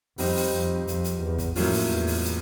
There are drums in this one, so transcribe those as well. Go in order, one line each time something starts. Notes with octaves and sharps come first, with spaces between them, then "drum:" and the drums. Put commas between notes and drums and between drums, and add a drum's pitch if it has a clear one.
F2 G3 C4 D#4 G4 C5, drum: open hi-hat
drum: open hi-hat
F2
F2, drum: hi-hat
drum: hi-hat
E2
drum: kick, hi-hat
F2 A2 F#3 A#3 C#4 F4, drum: open hi-hat
drum: open hi-hat
E2
drum: open hi-hat
drum: hi-hat